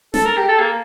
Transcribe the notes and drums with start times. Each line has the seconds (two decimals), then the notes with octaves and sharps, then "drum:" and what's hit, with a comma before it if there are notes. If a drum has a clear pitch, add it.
0.14 A4, drum: snare
0.26 A#4
0.37 G4
0.48 A4
0.60 A#3